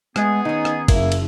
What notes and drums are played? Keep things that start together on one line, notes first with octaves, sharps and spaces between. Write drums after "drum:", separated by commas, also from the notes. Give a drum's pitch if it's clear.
G#3 B3 G#4 D#5, drum: rim click
D#3 C#4 D#4
drum: rim click
F#1 A#3 E4, drum: kick, cymbal
drum: cymbal